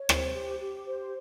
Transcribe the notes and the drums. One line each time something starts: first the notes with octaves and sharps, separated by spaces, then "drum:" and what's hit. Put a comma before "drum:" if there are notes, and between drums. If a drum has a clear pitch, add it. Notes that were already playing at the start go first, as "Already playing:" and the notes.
Already playing: C#5
C5, drum: rim click
G4
G4
C5